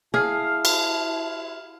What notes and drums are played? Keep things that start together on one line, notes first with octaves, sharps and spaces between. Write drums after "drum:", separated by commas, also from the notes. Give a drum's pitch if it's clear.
E4 G#4 F5 A5
drum: cymbal